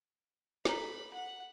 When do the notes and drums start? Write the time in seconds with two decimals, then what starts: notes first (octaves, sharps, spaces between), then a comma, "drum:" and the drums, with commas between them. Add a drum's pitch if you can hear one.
0.65 A4 A#5 B5, drum: snare
1.13 F#5